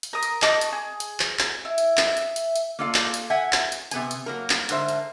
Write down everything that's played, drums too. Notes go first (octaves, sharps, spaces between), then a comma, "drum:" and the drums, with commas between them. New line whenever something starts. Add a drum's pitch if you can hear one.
drum: hi-hat
A#4 D#6
drum: hi-hat
D#5 A5 C#6 D6, drum: clap
drum: hi-hat
G#4
drum: hi-hat
drum: clap
drum: clap
E4
drum: hi-hat
drum: clap
E5
drum: hi-hat
drum: hi-hat
drum: hi-hat
A#3 F4 A4 D5 F5
drum: clap
drum: hi-hat
E5 F#5 G#5
drum: clap
drum: hi-hat
C3 B3 G#5, drum: hi-hat
drum: hi-hat
F#3 A#3 A#4
drum: clap
G#2 D3 A#4 C5 E5, drum: hi-hat
drum: hi-hat